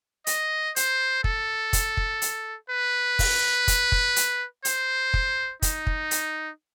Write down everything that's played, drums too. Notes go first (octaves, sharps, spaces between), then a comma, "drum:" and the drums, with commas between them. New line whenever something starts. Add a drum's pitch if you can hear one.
D#5, drum: hi-hat
C5, drum: hi-hat
A4, drum: kick
drum: kick, hi-hat
drum: kick
drum: hi-hat
B4
drum: kick, open hi-hat
drum: kick, hi-hat
drum: kick
drum: hi-hat
C5, drum: hi-hat
drum: kick
D#4, drum: kick, hi-hat
drum: kick
drum: hi-hat